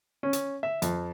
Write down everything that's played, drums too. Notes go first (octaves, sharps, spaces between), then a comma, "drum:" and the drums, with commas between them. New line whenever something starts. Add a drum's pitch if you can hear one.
C#4
drum: hi-hat
E5
F2, drum: hi-hat